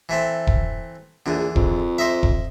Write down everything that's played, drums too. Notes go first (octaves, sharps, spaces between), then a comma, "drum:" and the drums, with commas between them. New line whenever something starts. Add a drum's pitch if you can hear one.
E3 A3 C4
drum: kick E1
A#1 E2 D3
F2, drum: kick E1
C5 D#5 E5
drum: kick E1